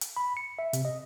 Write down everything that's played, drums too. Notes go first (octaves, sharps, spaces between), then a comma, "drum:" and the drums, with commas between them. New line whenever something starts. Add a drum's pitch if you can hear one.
drum: hi-hat
B5
C#7
E5
C3, drum: hi-hat
D#5